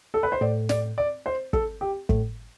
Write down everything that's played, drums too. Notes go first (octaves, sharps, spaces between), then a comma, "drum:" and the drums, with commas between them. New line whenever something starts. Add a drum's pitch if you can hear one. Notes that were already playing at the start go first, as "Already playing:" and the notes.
A4
B4
C5
A2 D5
D5, drum: snare
D5
C5
A4, drum: kick
G4
A2, drum: kick